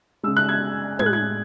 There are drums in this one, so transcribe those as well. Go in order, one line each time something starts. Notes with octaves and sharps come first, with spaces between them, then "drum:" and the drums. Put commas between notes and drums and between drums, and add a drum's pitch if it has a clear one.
C#3 G#3 E6
F#6
G#6
A2 G#3 G#6, drum: tom
F#6
G#6